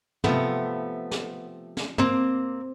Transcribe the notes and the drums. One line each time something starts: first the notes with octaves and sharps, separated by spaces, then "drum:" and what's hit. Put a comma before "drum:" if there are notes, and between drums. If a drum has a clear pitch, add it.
C3 F3 A3 B3, drum: tom
drum: snare
drum: snare
A#3 C4, drum: tom